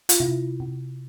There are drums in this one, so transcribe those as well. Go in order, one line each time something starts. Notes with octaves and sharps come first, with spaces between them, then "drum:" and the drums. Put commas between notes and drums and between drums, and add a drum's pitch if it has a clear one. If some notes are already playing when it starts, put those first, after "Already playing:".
F4, drum: hi-hat
C3 E4
C3